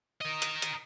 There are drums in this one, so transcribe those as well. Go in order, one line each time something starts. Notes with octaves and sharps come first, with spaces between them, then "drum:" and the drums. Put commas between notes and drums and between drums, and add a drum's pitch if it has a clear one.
A#4 D#5
drum: hi-hat
drum: hi-hat